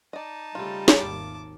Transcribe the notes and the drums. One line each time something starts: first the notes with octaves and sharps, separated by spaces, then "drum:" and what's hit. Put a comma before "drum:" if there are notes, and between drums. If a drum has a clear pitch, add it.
D#4 D5 D#5 A5
C#3 G3 A3 F4
drum: snare
G#1 D#2 D#3 A5 D6